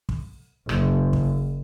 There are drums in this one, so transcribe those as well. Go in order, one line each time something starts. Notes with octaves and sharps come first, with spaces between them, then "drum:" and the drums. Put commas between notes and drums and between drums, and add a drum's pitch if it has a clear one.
drum: kick
F#1, drum: rim click
drum: kick